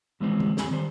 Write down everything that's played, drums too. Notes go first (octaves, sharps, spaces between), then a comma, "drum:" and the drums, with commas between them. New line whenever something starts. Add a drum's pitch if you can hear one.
D#2 E3 G3 G#3 B3 C4
drum: tom D3
E2 C4 G4 G#5 B5, drum: snare
D#3 G3 C5